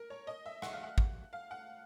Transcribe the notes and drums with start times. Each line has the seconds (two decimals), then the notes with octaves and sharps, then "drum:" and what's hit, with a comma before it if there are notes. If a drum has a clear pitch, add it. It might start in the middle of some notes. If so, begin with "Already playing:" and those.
Already playing: A#4
0.10 C#5
0.27 D#5
0.46 E5
0.62 F#5, drum: rim click
0.73 F5
0.84 F#5
0.98 drum: kick G#1
1.33 F5
1.51 F#5